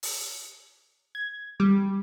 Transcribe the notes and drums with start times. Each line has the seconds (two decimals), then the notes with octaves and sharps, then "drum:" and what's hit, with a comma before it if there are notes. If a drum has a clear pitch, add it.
0.03 drum: open hi-hat
1.15 G#6
1.60 G3